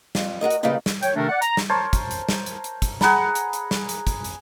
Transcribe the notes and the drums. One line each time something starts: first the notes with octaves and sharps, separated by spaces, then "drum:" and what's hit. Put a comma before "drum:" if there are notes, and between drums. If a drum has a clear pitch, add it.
F2 G3, drum: snare
F#4 A4 A#4 D#5
drum: hi-hat
C#3 G3 A#3 C4 D#4 B4
drum: snare
C#5 G5, drum: hi-hat
C3 D#3 A3 D4 A4 A#4
D5 F#5
A#5, drum: hi-hat
drum: snare
A#4 C5 C#5 A5
drum: kick, hi-hat
drum: hi-hat
drum: snare
drum: hi-hat
drum: hi-hat
drum: kick, hi-hat
G#4 F#5 A#5 B5, drum: snare
drum: hi-hat
drum: hi-hat
drum: snare
drum: hi-hat
drum: kick, hi-hat
drum: hi-hat